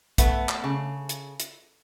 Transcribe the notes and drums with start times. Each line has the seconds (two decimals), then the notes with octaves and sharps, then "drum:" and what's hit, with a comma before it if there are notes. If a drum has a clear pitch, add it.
0.18 A3 B3, drum: kick, hi-hat
0.49 drum: clap
0.64 C#3
1.09 drum: hi-hat
1.40 drum: hi-hat